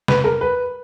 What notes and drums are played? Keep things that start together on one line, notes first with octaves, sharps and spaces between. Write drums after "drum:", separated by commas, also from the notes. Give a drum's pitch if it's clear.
B4, drum: snare C3
A#4
B4